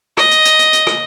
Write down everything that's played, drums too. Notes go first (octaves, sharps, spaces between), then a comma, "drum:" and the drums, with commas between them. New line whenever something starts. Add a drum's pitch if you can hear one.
D#5, drum: rim click
drum: hi-hat
drum: hi-hat
drum: hi-hat
drum: hi-hat
drum: rim click